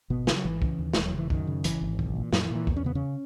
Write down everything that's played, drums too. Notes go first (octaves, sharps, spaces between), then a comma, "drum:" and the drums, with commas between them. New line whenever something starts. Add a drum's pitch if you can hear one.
G#1 B2 B3
C#3 E3, drum: snare
F#3
G#1 E3
C#3, drum: kick
D#2
E1 G#3, drum: snare
F#3
C#3 E3
F#2 D#3, drum: kick
C#3
G#1 E3, drum: hi-hat
G#1
B1, drum: kick
A#2
F#2 A#2 F#3, drum: snare
E3
A#2
E3
E2, drum: kick
C#4
C#3 B3
C#3 C#4